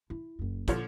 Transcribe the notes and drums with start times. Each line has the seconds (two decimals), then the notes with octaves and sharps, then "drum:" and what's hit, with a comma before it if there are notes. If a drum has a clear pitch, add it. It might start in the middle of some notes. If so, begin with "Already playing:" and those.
0.10 E4
0.39 F#1 F#2
0.68 A#2 D3 F3 C#5, drum: kick, hi-hat